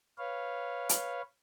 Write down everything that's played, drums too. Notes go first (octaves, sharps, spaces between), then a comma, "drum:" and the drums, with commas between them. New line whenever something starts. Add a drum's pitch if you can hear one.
B4 C#5 F5
drum: hi-hat